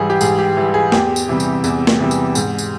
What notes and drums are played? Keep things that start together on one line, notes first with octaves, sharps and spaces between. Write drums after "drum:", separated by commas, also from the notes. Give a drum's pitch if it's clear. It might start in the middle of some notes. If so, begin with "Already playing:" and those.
Already playing: G#2 E3 G3 G#4
G4
G#2 G#4, drum: tambourine
G4
E3 G3
G#4
E2 G4, drum: snare
drum: tambourine
C3 E3 G3
drum: tambourine
E2, drum: tambourine
drum: snare
C3 E3 G3
drum: tambourine
G#2, drum: tambourine
drum: tambourine